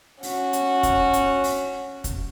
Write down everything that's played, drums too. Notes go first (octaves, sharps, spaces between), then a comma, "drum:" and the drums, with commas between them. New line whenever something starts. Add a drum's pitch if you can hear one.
C#4 F#4, drum: open hi-hat
drum: hi-hat
drum: kick, hi-hat
drum: hi-hat
drum: open hi-hat
drum: kick, hi-hat